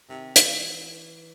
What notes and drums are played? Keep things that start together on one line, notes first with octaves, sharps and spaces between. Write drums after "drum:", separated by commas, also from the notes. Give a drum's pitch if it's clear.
C3 D#3
E3, drum: hi-hat